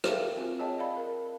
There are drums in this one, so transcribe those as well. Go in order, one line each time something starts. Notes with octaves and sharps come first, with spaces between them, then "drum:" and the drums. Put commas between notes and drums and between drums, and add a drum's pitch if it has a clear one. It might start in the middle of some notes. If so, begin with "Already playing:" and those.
G4 A4 A#4 E5 F5 G5, drum: rim click
C4 F4
G#4 C#5 D#5 G5 A5
D5 F5 B5
A#4